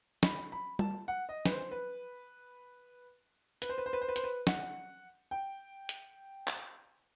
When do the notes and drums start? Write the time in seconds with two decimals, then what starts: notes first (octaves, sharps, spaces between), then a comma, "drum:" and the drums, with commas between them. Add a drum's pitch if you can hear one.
0.23 B5, drum: snare
0.52 B5
0.79 A5, drum: tom
1.08 F#5
1.29 D#5
1.45 B4, drum: snare
1.50 C5
1.71 B4
3.62 B4, drum: hi-hat
3.69 C5
3.78 B4
3.86 C5
3.93 B4
4.01 C5
4.08 B4
4.16 C5, drum: hi-hat
4.24 B4
4.47 F#5, drum: snare
5.31 G5
5.89 drum: hi-hat
6.48 drum: clap